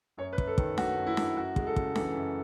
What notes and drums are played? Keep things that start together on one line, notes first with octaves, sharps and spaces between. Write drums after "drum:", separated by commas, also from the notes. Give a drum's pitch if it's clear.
F#2 C#5
B4
F#2, drum: kick
A4
D#3, drum: kick
A3 F#4, drum: snare D4
F#2
E4
F#2, drum: snare D4
F#2 F#4
G#3, drum: kick
A4
C#3, drum: kick
E3 A4, drum: snare D4
F#2